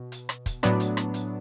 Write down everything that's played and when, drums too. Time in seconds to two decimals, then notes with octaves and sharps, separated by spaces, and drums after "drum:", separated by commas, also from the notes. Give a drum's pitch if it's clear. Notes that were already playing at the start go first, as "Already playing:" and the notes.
Already playing: B2
0.12 drum: hi-hat
0.29 drum: rim click
0.46 drum: kick, hi-hat
0.63 A2 F#3 B3 D4, drum: rim click
0.80 drum: hi-hat
0.97 drum: rim click
1.14 drum: hi-hat